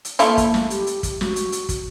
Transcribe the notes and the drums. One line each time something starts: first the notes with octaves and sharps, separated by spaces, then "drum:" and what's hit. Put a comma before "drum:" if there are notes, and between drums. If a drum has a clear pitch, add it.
drum: hi-hat
A3 A#3 E4 F4, drum: hi-hat
drum: kick, hi-hat
drum: snare
G4, drum: hi-hat
drum: hi-hat
drum: kick, hi-hat
F#4, drum: snare
drum: hi-hat
drum: hi-hat
drum: kick, hi-hat